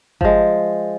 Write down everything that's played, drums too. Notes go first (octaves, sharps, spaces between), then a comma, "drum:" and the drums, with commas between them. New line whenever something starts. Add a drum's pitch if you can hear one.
F3 G#3, drum: kick G1